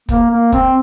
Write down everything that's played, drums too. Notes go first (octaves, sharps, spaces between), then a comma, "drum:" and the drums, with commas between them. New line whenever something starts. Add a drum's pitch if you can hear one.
A#3, drum: kick, hi-hat
A#3
C4, drum: kick, hi-hat